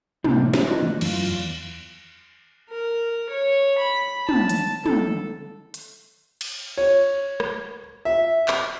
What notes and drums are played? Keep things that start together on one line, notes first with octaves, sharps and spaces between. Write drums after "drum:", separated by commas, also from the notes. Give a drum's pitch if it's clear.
A2 C3 A3 A#3 C4 D4, drum: tom
E3 G3 A#3 C4 D4 E4, drum: snare
B4 D#5, drum: tom
D3 E3 A3
F#2 E3 F4, drum: cymbal
E2
A#4
C#5
B5
A5, drum: tom
drum: hi-hat
A4, drum: tom
drum: hi-hat
drum: cymbal
C#5
drum: rim click
E5
drum: clap